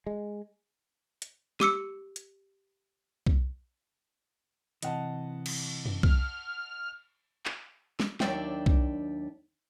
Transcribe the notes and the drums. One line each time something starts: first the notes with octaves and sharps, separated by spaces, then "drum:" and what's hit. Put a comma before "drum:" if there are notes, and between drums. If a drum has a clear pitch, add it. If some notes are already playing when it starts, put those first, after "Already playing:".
G#3
drum: hi-hat
G4 D6 E6 C#7, drum: snare
drum: hi-hat
drum: kick
C3 E3 D#5 F#5 A5, drum: hi-hat
drum: cymbal
drum: tom F#2
F6, drum: kick
drum: clap
drum: snare
D#2 F#3 D4 D5 E5 G5, drum: snare
drum: kick